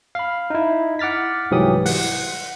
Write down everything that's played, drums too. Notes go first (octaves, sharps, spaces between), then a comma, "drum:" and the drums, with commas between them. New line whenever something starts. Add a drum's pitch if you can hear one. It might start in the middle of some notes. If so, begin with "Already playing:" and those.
F5 B5
D#4 E4
F#5 D6 F6 A6 B6
C2 G#2 E3 F#3 G4 D#6
F#5, drum: open hi-hat